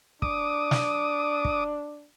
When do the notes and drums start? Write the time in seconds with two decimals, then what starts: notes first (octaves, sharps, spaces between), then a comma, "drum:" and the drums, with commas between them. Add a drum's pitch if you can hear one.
0.22 D4 D6 D#6, drum: kick
0.71 drum: snare
1.45 drum: kick